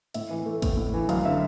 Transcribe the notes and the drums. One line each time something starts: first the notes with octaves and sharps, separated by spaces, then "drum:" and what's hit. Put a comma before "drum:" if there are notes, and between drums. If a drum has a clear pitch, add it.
A2 E5, drum: hi-hat
E3
A3
A2, drum: kick, hi-hat
A2
E3
F#2 F5, drum: hi-hat
D3 E5